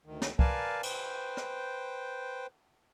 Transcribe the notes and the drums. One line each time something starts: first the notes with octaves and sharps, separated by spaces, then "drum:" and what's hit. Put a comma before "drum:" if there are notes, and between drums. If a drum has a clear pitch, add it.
D2 D#3
drum: snare
A#4 B4 D5 F5 G#5 A5, drum: kick C2
B4 C5 G5, drum: cymbal
drum: rim click